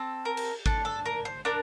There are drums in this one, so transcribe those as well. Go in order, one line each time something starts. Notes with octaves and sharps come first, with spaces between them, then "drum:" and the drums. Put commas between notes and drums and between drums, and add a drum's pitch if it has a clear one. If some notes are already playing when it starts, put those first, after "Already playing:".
Already playing: C4 A4
A#4
drum: cymbal
D4 A4, drum: kick G#1
A4
A#4
C5
D4 A#4